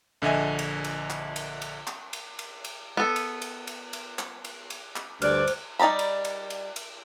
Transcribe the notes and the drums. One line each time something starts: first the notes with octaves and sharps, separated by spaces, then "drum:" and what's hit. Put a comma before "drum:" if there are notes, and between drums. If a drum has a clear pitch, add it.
A#1 D3 D4 D#5 E5 G#5
drum: cymbal
drum: cymbal
drum: clap
drum: cymbal
drum: cymbal
drum: clap
drum: cymbal
drum: cymbal
drum: cymbal
B3 A4
drum: cymbal
drum: cymbal
drum: cymbal
drum: cymbal
drum: clap
drum: cymbal
drum: cymbal
drum: clap
D2 G2 C5 D5 F6 F#6, drum: cymbal
drum: cymbal
G3 D#4 D5 A#5 B5
drum: cymbal
drum: cymbal
drum: cymbal
drum: cymbal